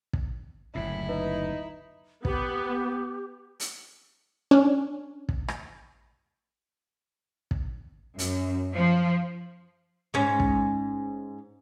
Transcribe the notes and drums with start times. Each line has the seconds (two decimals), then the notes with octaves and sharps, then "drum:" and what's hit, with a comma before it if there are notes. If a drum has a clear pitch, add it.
0.13 drum: kick
0.75 F#1 D2 A2 E4
1.09 D#4 B4
2.25 B3 G4, drum: kick
3.60 drum: hi-hat
4.51 C#4 D4
5.29 drum: kick
5.48 drum: rim click
7.51 drum: kick
8.19 F#2, drum: hi-hat
8.74 F3
10.14 G#2 C#4
10.40 drum: kick